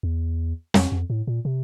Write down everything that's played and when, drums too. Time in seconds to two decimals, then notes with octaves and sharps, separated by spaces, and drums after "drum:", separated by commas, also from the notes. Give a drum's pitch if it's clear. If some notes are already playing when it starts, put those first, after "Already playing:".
0.03 E2
0.74 F2, drum: snare
0.92 F2
1.10 A2
1.27 A#2
1.45 C3